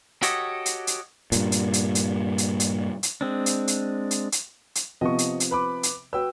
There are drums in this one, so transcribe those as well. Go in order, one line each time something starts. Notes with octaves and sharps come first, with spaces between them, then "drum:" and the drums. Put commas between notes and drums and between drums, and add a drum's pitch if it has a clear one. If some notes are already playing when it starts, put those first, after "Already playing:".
F#4 G4 A4 C#5 D#5, drum: hi-hat
drum: hi-hat
drum: hi-hat
G2 A#2, drum: hi-hat
drum: hi-hat
drum: hi-hat
drum: hi-hat
drum: hi-hat
drum: hi-hat
drum: hi-hat
G#3 C4 D4
drum: hi-hat
drum: hi-hat
drum: hi-hat
drum: hi-hat
drum: hi-hat
C3 F3 B3 D#5 C#6
drum: hi-hat
drum: hi-hat
B4 B5 D6
drum: hi-hat
F#4 B4 G5 E6